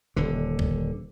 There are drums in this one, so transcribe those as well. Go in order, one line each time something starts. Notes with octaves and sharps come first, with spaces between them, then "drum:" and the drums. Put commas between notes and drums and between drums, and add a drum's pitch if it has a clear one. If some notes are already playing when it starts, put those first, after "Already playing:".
D#1 D3
drum: kick C2